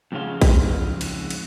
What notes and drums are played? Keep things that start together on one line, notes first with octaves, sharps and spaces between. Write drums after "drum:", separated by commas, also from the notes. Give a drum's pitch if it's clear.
F2 G#2 C#3 F4
drum: kick, cymbal
drum: cymbal
drum: cymbal